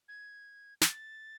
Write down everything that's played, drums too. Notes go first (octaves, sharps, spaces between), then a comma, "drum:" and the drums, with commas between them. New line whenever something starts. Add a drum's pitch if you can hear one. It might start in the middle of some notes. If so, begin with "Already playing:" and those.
G#6
A6, drum: snare